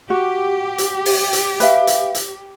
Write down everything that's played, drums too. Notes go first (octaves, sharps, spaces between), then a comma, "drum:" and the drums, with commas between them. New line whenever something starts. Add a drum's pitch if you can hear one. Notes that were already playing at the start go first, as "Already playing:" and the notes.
F#4 G4
drum: hi-hat
drum: open hi-hat
drum: hi-hat
B4 E5 F5, drum: hi-hat
drum: hi-hat
drum: hi-hat